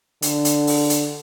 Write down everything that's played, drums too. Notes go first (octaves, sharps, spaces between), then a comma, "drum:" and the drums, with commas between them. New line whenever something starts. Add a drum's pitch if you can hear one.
D3, drum: hi-hat
drum: hi-hat
drum: open hi-hat
drum: hi-hat